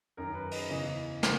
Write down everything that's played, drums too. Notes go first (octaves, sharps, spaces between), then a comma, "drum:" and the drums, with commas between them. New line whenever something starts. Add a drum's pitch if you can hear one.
F#2 D#3 A#4
B4
D#5, drum: open hi-hat
E2 C#3 E3 D#5
C#3, drum: snare